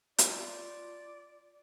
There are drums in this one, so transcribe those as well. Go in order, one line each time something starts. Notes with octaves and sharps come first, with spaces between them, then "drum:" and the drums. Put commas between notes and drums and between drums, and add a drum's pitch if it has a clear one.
F4 D5, drum: hi-hat